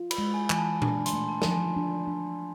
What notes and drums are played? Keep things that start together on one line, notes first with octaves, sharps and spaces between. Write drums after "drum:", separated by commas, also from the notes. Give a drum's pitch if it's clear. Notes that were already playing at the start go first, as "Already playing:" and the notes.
Already playing: F4
B5, drum: cymbal
G#3
G#5
E3 G#5, drum: clap
A5
D4 A5, drum: tom A#2
C6, drum: hi-hat
A3
A5
F3 A5, drum: snare
G#5
D4
D4